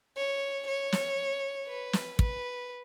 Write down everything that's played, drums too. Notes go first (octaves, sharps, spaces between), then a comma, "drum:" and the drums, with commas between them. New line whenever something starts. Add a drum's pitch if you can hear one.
C#5
C#5
drum: snare
B4
drum: snare
B4, drum: kick